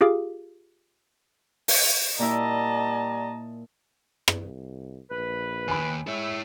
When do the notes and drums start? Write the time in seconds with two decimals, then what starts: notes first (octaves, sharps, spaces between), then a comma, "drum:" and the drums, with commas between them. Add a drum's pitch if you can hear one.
0.01 F4 G4 G#4 F5 D6
1.68 drum: open hi-hat
2.19 A#2 G3 E4 D#5 A5 A#5
4.28 drum: rim click
4.44 C2
5.11 A#1 B4
5.68 D#2 G#5 B5
6.08 G#3 E4 C#5 E5